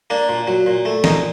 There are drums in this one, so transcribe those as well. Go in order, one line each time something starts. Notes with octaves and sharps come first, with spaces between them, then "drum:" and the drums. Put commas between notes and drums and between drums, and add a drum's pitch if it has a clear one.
A#3 D4
A#2
F#3
A#2
A3
A#2 D#4, drum: snare